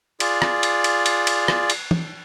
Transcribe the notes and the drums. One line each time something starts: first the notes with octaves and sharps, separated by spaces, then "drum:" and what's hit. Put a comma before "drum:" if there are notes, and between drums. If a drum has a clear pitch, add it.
F4 G#4 D5, drum: cymbal
drum: rim click
drum: cymbal
drum: cymbal
drum: cymbal
drum: cymbal
drum: rim click
drum: cymbal
drum: tom